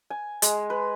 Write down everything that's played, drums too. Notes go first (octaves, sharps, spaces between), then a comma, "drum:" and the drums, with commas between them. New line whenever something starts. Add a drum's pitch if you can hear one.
G#5
G#3, drum: hi-hat
B4